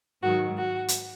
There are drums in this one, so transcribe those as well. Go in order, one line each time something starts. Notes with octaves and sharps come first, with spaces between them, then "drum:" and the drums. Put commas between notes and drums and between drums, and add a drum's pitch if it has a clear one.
G#2 D#3 F#3 F#4
F#4
drum: hi-hat